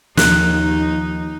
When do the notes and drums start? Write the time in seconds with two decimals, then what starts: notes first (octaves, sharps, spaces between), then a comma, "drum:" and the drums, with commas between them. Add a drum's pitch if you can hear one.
0.17 D#2 F3 D#4 F#6, drum: snare